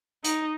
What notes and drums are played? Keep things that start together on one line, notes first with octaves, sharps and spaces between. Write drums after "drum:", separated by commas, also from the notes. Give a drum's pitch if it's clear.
D#4, drum: hi-hat